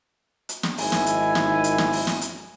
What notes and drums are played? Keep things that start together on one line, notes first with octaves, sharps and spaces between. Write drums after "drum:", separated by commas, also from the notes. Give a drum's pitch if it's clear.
drum: hi-hat
drum: snare
G#1 D#3 E4 G#5, drum: open hi-hat
drum: snare
drum: hi-hat
drum: snare
drum: hi-hat
drum: snare
drum: open hi-hat
drum: snare
drum: hi-hat